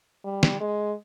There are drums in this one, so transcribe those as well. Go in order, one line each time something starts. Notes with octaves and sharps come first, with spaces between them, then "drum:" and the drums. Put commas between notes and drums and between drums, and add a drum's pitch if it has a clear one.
G3
drum: snare
G#3